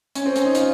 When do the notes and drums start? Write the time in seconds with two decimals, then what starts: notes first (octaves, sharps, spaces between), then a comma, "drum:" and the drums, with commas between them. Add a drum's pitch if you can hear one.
0.15 C#4, drum: hi-hat
0.26 C4
0.36 C#4, drum: hi-hat
0.45 D#4
0.55 F4, drum: hi-hat